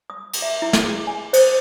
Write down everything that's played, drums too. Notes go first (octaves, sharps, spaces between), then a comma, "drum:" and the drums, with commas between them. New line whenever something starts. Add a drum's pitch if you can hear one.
D#6
drum: cymbal
E5
E4
drum: snare
G#4
G#5
C5, drum: cymbal